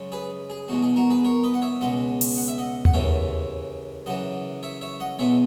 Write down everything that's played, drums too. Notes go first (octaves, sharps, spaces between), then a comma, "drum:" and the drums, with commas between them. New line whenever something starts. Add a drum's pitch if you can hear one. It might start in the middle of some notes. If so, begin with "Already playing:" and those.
Already playing: F#2 C#3 G#3 C#4
G#4 B4
G#4
E2 B2 G#3 F#4
G#4
F#4 A#4
G#4 B4
A#4 C#5
B4 D#5
F#5
C#5 E5
C#2 B2 G#3 D#5 F#5
drum: open hi-hat
F#5
E5
D#5 F#5
F#5, drum: tom D#2
D#2 C#3 E3 G#3 C#5 E5
F#2 C#3 E3 D#5 F#5
C#5 E5
C#5 E5
D#5 F#5
E2 B2 G#3 C#5 E5